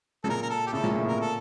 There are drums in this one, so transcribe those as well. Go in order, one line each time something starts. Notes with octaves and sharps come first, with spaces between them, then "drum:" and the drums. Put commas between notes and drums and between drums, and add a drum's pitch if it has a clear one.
C#3 A4, drum: tom G#3
A#2 A#4
A#4
A4
G4
A2 C#3 A4
A#2, drum: tom G#3
A2
A#2 A#4
A4